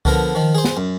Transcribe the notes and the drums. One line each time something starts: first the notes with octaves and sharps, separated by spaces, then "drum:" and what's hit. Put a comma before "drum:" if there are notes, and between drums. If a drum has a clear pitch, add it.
D3 F3 B3 A#4, drum: kick C#2
D#3 F3
G#4 C5
drum: snare
F#2